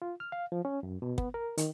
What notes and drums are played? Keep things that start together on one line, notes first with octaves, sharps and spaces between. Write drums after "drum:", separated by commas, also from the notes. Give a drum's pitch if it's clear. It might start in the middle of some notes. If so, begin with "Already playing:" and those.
F4
F6
F5
F3
C#4
F#2
B2
B3, drum: kick
A#4
D#3, drum: hi-hat